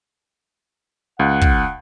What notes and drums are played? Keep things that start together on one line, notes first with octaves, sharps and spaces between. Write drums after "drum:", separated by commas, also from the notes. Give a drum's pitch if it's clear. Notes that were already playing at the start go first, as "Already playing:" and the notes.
C#2 F#5
drum: kick